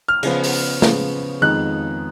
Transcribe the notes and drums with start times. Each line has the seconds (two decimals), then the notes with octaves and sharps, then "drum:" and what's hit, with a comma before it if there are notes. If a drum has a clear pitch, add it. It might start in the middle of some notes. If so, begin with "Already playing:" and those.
0.08 F6
0.23 C#3 F3 B3, drum: cymbal
0.44 drum: open hi-hat
0.82 C#3 F3 B3, drum: snare
1.42 F2 D#3 G#3 B3 D#4 F#6